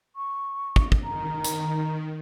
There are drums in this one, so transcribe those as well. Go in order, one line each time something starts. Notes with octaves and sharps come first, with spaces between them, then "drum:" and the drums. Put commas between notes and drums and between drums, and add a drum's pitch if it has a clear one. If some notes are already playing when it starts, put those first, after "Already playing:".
C#6
drum: kick
drum: kick
D#3 A#5
drum: hi-hat